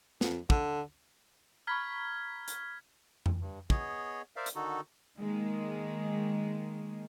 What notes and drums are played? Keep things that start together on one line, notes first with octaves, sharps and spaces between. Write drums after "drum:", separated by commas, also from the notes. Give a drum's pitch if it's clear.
F2, drum: snare
D3, drum: kick
A#5 B5 C#6 F6 G#6 B6
drum: hi-hat
drum: tom F2
G2
B3 G#4 C#5 D#5, drum: kick
A#4 C5 D5 E5 F5
drum: hi-hat
D3 D#3 D#4 F#4 A4
D#3 G#3 A#3